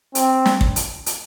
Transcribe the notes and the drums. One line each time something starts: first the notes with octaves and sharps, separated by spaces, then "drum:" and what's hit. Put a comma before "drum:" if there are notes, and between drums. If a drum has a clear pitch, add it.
C4, drum: hi-hat
drum: snare
drum: kick
drum: hi-hat
drum: hi-hat